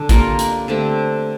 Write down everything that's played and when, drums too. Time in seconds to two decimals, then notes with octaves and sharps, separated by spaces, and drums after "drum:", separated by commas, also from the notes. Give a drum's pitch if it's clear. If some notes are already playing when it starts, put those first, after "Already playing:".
Already playing: D3 D4
0.09 G3 A#3 F4 A#4, drum: kick, hi-hat
0.39 drum: hi-hat
0.68 D3 A3 C4 G4